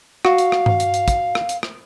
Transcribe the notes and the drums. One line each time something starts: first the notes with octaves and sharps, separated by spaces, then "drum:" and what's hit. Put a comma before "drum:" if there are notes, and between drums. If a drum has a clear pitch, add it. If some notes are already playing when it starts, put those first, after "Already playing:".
F#4 F5, drum: rim click
drum: hi-hat
drum: rim click
drum: tom G2
drum: hi-hat
drum: hi-hat
drum: kick, hi-hat
drum: rim click
drum: hi-hat
drum: rim click